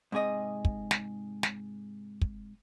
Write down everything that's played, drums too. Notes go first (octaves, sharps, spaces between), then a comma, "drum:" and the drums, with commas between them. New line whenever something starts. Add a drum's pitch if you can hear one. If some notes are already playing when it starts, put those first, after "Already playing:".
G#2 C3 G#4 D#5
drum: kick
drum: snare
drum: snare
drum: kick